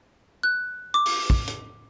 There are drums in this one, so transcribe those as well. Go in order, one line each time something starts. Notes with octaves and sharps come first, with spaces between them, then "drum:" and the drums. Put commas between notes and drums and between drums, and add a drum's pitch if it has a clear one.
F#6
D6
drum: open hi-hat
drum: kick
drum: hi-hat